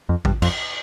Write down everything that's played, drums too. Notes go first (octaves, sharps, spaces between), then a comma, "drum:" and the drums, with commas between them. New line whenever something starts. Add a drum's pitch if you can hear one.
F2
G2, drum: kick A1
F2, drum: cymbal